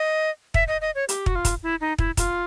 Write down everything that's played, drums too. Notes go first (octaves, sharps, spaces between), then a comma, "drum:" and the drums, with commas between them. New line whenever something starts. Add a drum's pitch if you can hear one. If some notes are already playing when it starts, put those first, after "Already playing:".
Already playing: D#5
E5, drum: kick
D#5
D#5
C#5
G4, drum: hi-hat
F#4, drum: kick
F4
drum: kick, hi-hat
E4
D#4
E4, drum: kick
F4, drum: kick, hi-hat